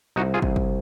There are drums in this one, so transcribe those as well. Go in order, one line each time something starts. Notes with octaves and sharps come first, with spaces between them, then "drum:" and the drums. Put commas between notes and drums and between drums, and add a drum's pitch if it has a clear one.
C2 D#4 F#4
F4 G#4
C2, drum: kick
drum: kick